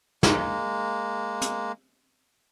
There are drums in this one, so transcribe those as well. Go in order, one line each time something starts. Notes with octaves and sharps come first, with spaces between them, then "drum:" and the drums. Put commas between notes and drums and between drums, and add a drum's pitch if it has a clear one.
G#3 A#3, drum: snare
drum: hi-hat